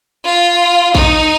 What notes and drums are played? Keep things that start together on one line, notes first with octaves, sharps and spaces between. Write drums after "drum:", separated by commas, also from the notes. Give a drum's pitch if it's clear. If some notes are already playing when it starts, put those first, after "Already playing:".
F4
D#4, drum: kick A1